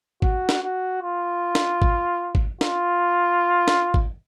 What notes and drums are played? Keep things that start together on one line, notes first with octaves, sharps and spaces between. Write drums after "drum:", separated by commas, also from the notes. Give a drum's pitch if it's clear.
F#4, drum: kick G#1
drum: snare
F#4
F4
drum: snare
drum: kick G#1
drum: kick G#1
F4, drum: snare
drum: snare
drum: kick G#1